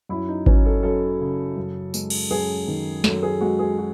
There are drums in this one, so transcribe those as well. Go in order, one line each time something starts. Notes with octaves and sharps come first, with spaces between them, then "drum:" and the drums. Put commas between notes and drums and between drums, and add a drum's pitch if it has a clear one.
F#2 E4
D#4
F#3 C#4, drum: kick G#1
A4
F#2 A4
C#3
F#2
G#3, drum: tambourine
drum: cymbal
F#2 G#4
D#3
F#2 A4, drum: snare
G#4
G#3 F#4
G#4
F#4